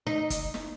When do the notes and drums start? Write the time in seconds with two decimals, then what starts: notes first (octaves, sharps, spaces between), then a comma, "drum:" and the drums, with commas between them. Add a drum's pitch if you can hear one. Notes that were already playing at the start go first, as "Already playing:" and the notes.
0.07 D#4
0.30 drum: kick, hi-hat
0.54 drum: snare